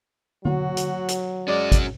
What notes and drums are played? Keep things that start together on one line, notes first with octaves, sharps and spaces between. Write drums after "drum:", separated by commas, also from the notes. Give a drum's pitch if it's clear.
F#3 F#4, drum: tom D3
drum: hi-hat
drum: hi-hat
G#3 C#4 F#4 D5
drum: kick, hi-hat